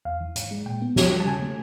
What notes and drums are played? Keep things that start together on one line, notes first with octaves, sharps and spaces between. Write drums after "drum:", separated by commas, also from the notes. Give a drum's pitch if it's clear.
E2 F5
E3
G#2, drum: hi-hat
G#3
A#2 G5
B3
G2, drum: snare
G3
A5
C#3 G#5
A3